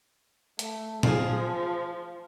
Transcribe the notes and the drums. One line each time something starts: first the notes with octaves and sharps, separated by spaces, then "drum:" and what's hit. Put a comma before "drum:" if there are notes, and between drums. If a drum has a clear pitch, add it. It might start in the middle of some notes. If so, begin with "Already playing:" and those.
A3, drum: hi-hat
F3 F4 G#4, drum: tom A#2